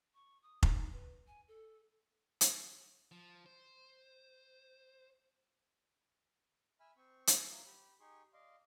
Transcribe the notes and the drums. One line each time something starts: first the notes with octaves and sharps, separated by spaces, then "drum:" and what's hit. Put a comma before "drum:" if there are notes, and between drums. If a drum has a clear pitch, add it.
C#6
D#6
D#4, drum: kick F1
B4
G#5
A4
drum: hi-hat
F3
C5
E5 G#5 B5 F6
C4 C#6
drum: hi-hat
A#3 D4 F4 E5
G4 B5
D#4 G4 G#4 C6 C#6
D5 D#5 F5 C6